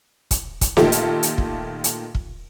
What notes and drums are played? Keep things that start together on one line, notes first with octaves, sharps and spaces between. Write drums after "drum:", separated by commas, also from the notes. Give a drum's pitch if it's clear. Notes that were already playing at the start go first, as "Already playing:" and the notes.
drum: kick, hi-hat
drum: kick, hi-hat
A#2 D#3 A3 F4 G4 A4, drum: snare
drum: hi-hat
drum: hi-hat
drum: kick
drum: hi-hat
drum: kick